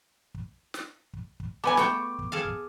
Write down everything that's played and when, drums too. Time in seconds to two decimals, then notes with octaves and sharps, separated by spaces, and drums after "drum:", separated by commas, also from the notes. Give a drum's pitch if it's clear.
0.34 drum: kick
0.74 drum: snare
1.13 drum: kick
1.40 drum: kick
1.64 B3 A4 B4 G#5 D6
1.77 A3 G5 C#6, drum: snare
2.19 drum: kick
2.32 G#4 A4 F5
2.45 drum: kick